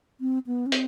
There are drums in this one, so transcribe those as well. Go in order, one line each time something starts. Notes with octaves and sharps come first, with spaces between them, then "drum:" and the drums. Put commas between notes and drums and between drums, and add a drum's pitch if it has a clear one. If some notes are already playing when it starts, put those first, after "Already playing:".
C4
B3
C#4
C4, drum: hi-hat